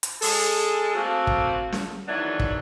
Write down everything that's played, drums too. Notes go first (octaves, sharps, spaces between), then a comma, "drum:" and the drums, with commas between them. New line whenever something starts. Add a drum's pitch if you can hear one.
drum: hi-hat
G#3 G#4 A4, drum: open hi-hat
A3 A#3 C4 F#4
drum: kick
drum: snare
E2 D#3 E3 F#3 B3 D4
drum: kick